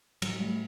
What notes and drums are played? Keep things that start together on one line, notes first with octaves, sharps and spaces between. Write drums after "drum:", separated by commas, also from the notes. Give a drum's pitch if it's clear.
A2 F#3 G#3, drum: cymbal
G3 A3